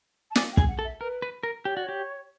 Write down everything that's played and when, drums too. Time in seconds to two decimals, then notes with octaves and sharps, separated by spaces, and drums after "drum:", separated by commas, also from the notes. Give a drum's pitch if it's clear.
0.31 A5
0.35 D5 G#5, drum: snare
0.53 G5
0.57 G#4, drum: kick
0.68 F#5
0.79 A4
0.84 E5
1.01 A#4 B4
1.22 B4
1.43 A#4
1.65 G4 C#5
1.74 F#4 D5
1.84 G4 C#5